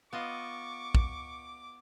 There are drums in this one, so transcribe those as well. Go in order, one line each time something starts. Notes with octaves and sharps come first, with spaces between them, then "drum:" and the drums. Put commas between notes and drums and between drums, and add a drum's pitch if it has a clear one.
B3 F4 D#5 C#6 D6
drum: kick